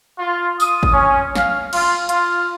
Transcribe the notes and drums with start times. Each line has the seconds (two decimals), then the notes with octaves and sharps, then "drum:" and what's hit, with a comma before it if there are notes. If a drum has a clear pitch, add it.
0.19 F4
0.60 D#6, drum: tambourine
0.83 drum: kick G#1
0.92 C#4
1.35 F5, drum: snare
1.73 F4, drum: cymbal
2.09 F4, drum: hi-hat